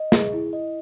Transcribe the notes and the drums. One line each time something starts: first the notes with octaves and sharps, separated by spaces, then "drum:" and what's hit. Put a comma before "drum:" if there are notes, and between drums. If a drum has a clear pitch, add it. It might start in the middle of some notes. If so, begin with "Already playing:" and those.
Already playing: D#5
G#4, drum: snare
E4
D#5